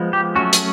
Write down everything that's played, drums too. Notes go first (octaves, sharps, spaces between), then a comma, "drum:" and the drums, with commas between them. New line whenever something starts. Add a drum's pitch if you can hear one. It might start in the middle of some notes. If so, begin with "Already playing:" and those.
Already playing: F3 G#3 B3
G4
F#3 A3 C#4 F#4
drum: hi-hat